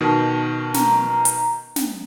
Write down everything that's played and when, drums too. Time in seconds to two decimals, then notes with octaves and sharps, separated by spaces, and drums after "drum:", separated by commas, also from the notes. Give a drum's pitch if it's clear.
0.01 B2 D#3 D#4 A5
0.74 A#5, drum: snare
1.25 drum: hi-hat
1.76 drum: snare